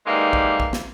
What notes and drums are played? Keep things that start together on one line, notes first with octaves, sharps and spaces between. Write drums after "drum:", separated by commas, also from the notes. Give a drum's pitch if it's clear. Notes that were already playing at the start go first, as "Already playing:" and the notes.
D#3 E3 G3 G#3 A#3
drum: kick A#1
drum: kick A#1
drum: snare